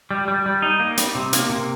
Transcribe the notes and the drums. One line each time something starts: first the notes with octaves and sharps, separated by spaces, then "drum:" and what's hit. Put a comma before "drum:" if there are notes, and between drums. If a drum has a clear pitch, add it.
G3
G3
G3
D#4
A#3
G3, drum: hi-hat
C3
A#3, drum: hi-hat
C3